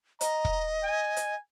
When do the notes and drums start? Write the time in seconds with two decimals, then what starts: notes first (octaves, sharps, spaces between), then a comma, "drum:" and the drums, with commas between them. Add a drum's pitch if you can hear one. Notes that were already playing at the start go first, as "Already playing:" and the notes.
0.21 D#5 A#5, drum: hi-hat
0.45 drum: kick
0.84 G#5
1.16 drum: hi-hat